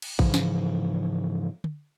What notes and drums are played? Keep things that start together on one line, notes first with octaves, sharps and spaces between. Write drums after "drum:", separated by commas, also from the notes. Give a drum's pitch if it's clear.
drum: cymbal
G#2 C#3 E3 F3, drum: kick A#1
drum: snare
drum: tom